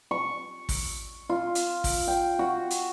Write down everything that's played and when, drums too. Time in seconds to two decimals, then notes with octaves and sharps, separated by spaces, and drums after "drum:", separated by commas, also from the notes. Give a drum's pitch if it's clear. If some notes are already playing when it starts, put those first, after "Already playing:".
0.11 C#6
0.69 drum: kick, open hi-hat
1.29 F4
1.55 drum: hi-hat
1.84 drum: kick, open hi-hat
2.07 G5
2.39 F#4
2.71 drum: hi-hat